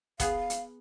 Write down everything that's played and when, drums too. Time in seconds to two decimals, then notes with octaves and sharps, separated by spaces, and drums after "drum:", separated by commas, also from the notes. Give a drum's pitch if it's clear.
0.20 B3 G#4 F5, drum: kick, hi-hat
0.50 drum: hi-hat